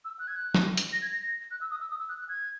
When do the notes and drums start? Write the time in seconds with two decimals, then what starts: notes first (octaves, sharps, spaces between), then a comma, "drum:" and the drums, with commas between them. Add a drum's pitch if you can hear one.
0.05 E6
0.19 F#6
0.27 G#6
0.36 F#6
0.55 drum: snare
0.77 drum: hi-hat
0.92 A#6
1.02 G#6
1.12 A#6
1.22 A#6
1.51 F#6
1.61 E6
1.71 D#6
1.81 E6
1.90 D#6
2.00 E6
2.09 F#6
2.19 F#6
2.29 G#6